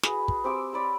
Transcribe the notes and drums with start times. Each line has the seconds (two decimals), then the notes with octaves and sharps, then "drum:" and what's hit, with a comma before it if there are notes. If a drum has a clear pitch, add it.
0.03 F#4 G#4 B4, drum: snare
0.28 drum: kick
0.44 C4 G4 D6 E6
0.73 C#5 D5 B5 E6